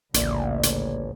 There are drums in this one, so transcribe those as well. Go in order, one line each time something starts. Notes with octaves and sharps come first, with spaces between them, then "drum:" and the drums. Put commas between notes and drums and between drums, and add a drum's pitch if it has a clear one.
A1 D2 G#2 C#3 A#3 D5, drum: hi-hat
drum: hi-hat